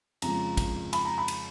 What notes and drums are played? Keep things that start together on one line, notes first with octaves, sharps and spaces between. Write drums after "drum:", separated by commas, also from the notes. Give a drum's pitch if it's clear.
F2 C#3 F3 G#3 A#5, drum: cymbal
drum: kick, cymbal
B5, drum: cymbal
A#5
B5
drum: cymbal